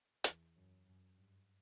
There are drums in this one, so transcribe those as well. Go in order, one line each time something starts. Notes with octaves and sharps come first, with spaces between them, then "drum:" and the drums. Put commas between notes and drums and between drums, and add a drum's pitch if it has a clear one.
E2, drum: hi-hat
F#2
F#2
G2